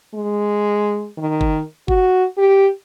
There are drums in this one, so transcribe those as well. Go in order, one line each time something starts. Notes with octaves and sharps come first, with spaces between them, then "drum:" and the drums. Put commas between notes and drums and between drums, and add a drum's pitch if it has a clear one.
G#3
D#3
drum: kick G1
F#4, drum: kick G1
G4